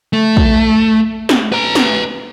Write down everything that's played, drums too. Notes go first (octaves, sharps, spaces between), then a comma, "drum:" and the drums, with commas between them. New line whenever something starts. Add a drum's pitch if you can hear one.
A3
drum: kick
drum: snare
B4 A#5
drum: snare